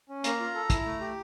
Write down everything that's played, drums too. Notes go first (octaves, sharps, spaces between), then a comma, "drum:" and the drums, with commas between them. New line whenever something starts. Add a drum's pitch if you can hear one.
C#4
A#3 A#5, drum: hi-hat
F4
A4
E4, drum: kick, hi-hat
A3
G4